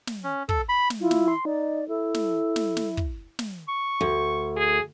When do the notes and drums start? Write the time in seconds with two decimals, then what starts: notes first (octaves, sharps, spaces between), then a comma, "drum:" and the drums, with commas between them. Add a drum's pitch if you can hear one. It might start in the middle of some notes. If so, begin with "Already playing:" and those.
0.07 drum: snare
0.24 C#4
0.49 A4, drum: kick
0.69 B5
0.90 drum: snare
1.01 E4 F4
1.11 drum: snare
1.28 C6
1.45 D#4 D5
1.89 E4 A4
2.14 drum: snare
2.56 drum: snare
2.77 drum: snare
2.97 drum: kick
3.39 drum: snare
3.68 C#6
4.01 D2
4.56 G#4